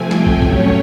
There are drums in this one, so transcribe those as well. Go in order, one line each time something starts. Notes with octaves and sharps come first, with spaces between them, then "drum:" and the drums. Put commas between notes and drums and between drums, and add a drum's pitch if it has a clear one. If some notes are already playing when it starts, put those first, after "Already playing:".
Already playing: C3 F3 A3 C4 G#5
G5, drum: snare
drum: kick
A2 F#3 A3 C#4 C#5, drum: kick